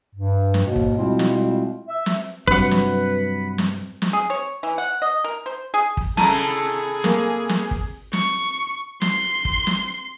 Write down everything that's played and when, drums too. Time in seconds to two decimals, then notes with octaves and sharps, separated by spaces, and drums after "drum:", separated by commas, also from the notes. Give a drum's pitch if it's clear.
0.15 G2
0.54 drum: snare
0.66 D#2 G#2 B2
0.76 drum: kick
0.98 B2 G3 G#3 C4 E4 F4
1.19 drum: snare
1.89 E5
2.06 drum: snare
2.47 G2 C3 F#3 B4 F#5, drum: kick
2.71 drum: snare
3.58 drum: snare
4.02 drum: snare
4.13 G#4
4.30 C#5
4.63 E3
4.78 F#5
5.02 D#5
5.24 A#4
5.46 C5
5.74 G#4
5.97 drum: kick
6.17 C3 A3 E4 G#4 A5 A#5 D#7, drum: snare
7.04 A#3, drum: snare
7.49 drum: snare
7.71 drum: kick
8.13 C#6, drum: snare
9.01 C6, drum: snare
9.45 drum: kick
9.67 drum: snare